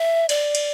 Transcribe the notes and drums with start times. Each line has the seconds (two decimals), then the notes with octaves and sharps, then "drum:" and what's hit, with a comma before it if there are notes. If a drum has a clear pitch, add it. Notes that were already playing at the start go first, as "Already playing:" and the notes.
Already playing: E5
0.29 D5, drum: cymbal
0.55 drum: cymbal